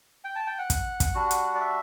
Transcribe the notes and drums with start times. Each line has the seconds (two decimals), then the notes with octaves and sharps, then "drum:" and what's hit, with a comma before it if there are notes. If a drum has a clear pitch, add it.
0.24 G5
0.36 A5
0.47 G5
0.59 F#5
0.70 drum: kick, hi-hat
1.00 drum: kick, hi-hat
1.15 G3 D4 F#4
1.31 drum: hi-hat
1.55 D5
1.61 E5